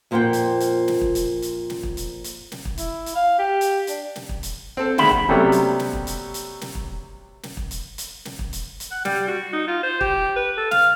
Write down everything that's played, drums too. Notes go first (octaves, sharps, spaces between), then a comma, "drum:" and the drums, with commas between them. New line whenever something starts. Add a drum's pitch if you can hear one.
F2 A#2 B3 C4 F#5 G5
drum: hi-hat
drum: hi-hat
drum: snare
drum: kick
drum: hi-hat
drum: hi-hat
drum: snare
drum: kick
drum: hi-hat
drum: hi-hat
drum: snare
drum: kick
E4, drum: hi-hat
drum: hi-hat
F5
G4
drum: hi-hat
D4, drum: hi-hat
drum: snare
drum: kick
drum: hi-hat
C4 A4
D3 D#3 G#3 E5 B5, drum: snare
drum: kick
C3 F#3 G3 A3 B3 C#4
drum: hi-hat
drum: snare
drum: kick
drum: hi-hat
drum: hi-hat
drum: snare
drum: kick
drum: snare
drum: kick
drum: hi-hat
drum: hi-hat
drum: snare
drum: kick
drum: hi-hat
drum: hi-hat
F#5
G3, drum: snare
F#4
D#4
F4
C5
G4, drum: kick
B4
A4
F5, drum: snare